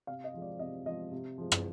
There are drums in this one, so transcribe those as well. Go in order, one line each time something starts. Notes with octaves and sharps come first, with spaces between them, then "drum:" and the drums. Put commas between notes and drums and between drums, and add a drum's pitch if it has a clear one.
C3 F5
D#5
F3 G#3
D5
C3 D#5
F3 G#3 D#5
C3
F3 G#3
drum: rim click